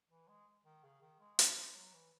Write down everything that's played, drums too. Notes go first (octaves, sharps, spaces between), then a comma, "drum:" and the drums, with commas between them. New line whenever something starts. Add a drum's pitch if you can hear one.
E3
G#3
D#3
C#3
D#3
G#3
A3, drum: hi-hat
G#3
F#3
E3